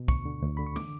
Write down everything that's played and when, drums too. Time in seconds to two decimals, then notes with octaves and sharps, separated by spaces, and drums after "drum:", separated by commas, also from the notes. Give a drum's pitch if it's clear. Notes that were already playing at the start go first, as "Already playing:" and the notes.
Already playing: B2
0.08 D2 C#6, drum: kick
0.25 D3
0.42 D2
0.57 D3 B5
0.66 C#6
0.76 D6, drum: tom D3